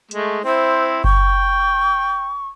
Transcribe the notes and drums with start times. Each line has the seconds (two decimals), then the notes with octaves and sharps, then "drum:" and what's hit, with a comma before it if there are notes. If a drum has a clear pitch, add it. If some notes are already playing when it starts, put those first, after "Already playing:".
0.11 G#3 A3, drum: hi-hat
0.44 C4 E4 C5
1.04 G5 C#6, drum: kick F#1